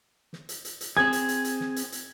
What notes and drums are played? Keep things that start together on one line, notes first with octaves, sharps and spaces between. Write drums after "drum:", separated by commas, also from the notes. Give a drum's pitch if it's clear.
drum: snare
drum: hi-hat
drum: hi-hat
drum: hi-hat
C4 G#4 G#6, drum: snare
drum: hi-hat
drum: hi-hat
drum: hi-hat
drum: snare
drum: hi-hat
drum: hi-hat